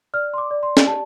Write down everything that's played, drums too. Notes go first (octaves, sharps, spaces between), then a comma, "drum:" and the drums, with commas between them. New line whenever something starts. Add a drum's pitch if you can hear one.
D5 F6
C6
D6
D5
C6
drum: snare
G4 A5